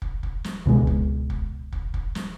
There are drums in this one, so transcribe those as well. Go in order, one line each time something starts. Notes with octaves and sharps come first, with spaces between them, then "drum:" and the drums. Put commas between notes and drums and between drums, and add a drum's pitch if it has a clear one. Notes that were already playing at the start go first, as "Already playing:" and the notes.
drum: kick
drum: kick
drum: snare
C#2 B2 G#3
drum: kick
drum: kick
drum: kick
drum: kick
drum: snare